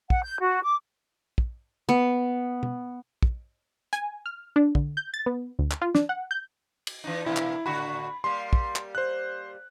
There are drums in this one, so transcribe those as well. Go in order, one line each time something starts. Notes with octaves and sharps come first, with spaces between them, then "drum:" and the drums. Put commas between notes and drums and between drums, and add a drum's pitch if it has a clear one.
F#5, drum: kick
G6
F#4
D6
drum: kick
B3
drum: tom
drum: kick
G#5, drum: hi-hat
F6
D4
D3, drum: kick
G6
A6
B3
D2
drum: clap
F4
D4, drum: snare
F#5
G6
drum: cymbal
E3 D4 D#4
B2 E3 A#3 E4
drum: clap
A2 D3 F#4 B5
G3 A#3 C6
drum: kick
drum: clap
C5 F#6